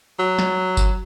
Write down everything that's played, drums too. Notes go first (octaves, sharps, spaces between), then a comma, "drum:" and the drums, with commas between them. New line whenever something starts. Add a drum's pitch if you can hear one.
F#3
drum: snare
drum: kick G1, tambourine